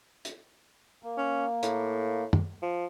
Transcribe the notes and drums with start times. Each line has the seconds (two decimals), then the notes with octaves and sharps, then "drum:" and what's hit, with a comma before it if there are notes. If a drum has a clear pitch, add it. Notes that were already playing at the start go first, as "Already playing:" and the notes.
0.25 drum: hi-hat
1.03 A#3
1.17 C#4
1.63 A2, drum: hi-hat
2.33 drum: tom
2.62 F3